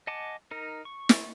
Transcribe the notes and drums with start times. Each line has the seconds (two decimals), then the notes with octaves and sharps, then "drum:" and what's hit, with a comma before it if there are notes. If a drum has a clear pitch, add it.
0.07 D#5 F#5 G#5 A5 D6
0.51 D#4 A#4
0.85 C#6
1.09 drum: snare